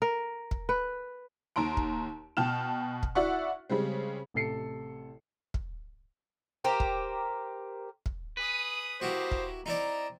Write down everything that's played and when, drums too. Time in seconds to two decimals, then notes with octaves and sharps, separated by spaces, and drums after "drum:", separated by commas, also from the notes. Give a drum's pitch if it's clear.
0.02 A#4
0.51 drum: kick
0.69 B4
1.56 D#2 A#5 C6 D7
1.77 drum: kick
2.37 B2 G5 A5 F6 E7
3.03 drum: kick
3.15 E4 F#4 D5 E5 F#5 C#6
3.70 C#3 G3 G#3 C4
4.34 A1 C3 A4 C7 C#7
5.54 drum: kick
6.64 G4 A#4 C5
6.80 drum: kick
8.06 drum: kick
8.37 G#4 B4 D#6
9.01 A#3 E4 F#4 G4 C5 D#6
9.31 drum: kick
9.66 C4 D#4 E4 D5 A#5